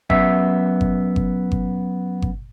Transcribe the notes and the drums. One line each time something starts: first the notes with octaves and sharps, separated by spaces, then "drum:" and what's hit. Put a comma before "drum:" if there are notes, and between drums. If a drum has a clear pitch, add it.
F#2 B3 E5, drum: kick G1
drum: kick G1
drum: kick G1
drum: kick G1
drum: kick G1